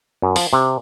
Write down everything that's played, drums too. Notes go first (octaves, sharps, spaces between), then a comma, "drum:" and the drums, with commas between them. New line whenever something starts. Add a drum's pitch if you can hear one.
F#2
F3, drum: open hi-hat
C3